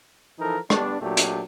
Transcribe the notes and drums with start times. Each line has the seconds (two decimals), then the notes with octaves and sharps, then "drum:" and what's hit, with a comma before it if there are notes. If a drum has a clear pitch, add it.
0.39 E3 F3 D#4 A4 A#4
0.70 G3 B3 D4, drum: rim click
1.01 A#2 F#3 A3 D4 G4
1.17 drum: hi-hat